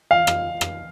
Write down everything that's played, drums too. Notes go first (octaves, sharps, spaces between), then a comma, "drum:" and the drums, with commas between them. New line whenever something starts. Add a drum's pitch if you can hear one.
F5
drum: rim click
drum: rim click